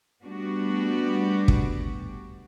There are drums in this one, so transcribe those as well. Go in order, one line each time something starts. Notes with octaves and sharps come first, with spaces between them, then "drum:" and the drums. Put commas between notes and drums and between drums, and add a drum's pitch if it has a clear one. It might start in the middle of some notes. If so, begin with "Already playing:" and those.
G3 A3 B3 D4 F#4 G4
drum: kick